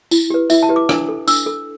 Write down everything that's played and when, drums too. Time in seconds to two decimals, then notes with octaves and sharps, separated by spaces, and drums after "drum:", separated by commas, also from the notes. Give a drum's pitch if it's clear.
0.11 E4, drum: tambourine
0.30 G4 B4
0.50 E4 E5, drum: tambourine
0.63 A5
0.69 G4 B4
0.76 D6
0.89 D4, drum: rim click
1.09 A4
1.28 D4 E6, drum: tambourine
1.46 A4